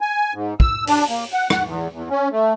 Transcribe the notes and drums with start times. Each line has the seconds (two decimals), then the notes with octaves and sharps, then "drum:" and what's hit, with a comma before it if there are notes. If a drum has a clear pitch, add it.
0.01 G#5
0.34 G#2
0.60 E6, drum: kick
0.87 D4, drum: open hi-hat
1.09 A#3
1.33 F#5
1.50 F#5, drum: rim click
1.64 E2
1.92 E2
2.10 C#4
2.32 A3